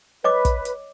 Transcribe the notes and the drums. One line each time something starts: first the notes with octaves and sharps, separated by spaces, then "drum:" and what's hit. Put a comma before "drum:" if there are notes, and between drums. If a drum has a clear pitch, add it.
B4 C#5 D#5 D6
drum: kick, hi-hat
drum: hi-hat